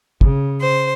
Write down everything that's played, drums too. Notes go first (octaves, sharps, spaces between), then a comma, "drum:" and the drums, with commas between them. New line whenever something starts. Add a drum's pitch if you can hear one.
C#3, drum: kick
C5